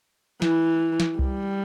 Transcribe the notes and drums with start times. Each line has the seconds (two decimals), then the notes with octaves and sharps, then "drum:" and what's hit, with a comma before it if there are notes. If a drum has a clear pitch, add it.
0.42 E3, drum: snare
1.00 drum: snare
1.19 G3, drum: kick C2